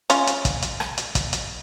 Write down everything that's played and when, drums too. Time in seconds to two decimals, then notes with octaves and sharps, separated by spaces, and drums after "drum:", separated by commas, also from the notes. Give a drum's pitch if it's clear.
0.10 C#4 F4, drum: hi-hat
0.27 drum: hi-hat
0.45 drum: kick, hi-hat
0.62 drum: hi-hat
0.80 drum: rim click
0.98 drum: hi-hat
1.15 drum: kick, hi-hat
1.33 drum: hi-hat